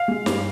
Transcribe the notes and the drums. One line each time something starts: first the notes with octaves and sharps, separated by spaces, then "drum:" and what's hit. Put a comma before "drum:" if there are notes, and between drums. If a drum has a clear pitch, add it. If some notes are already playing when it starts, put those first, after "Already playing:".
Already playing: F5
G#3
G2, drum: snare